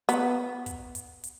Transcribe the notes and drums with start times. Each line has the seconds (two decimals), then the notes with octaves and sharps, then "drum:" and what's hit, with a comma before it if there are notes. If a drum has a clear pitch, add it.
0.09 B3, drum: hi-hat
0.66 drum: kick, hi-hat
0.95 drum: hi-hat
1.24 drum: hi-hat